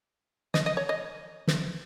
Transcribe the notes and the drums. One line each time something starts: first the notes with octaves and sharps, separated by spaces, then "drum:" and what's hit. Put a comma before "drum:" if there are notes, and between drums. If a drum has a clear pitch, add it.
D#5, drum: snare
D#5
C#5
D#5
drum: snare